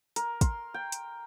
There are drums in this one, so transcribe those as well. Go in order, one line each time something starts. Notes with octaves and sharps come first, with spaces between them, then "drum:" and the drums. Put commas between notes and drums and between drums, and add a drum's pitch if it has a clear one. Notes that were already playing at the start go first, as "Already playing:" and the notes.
A#4, drum: hi-hat
C6, drum: kick, hi-hat
G5
drum: hi-hat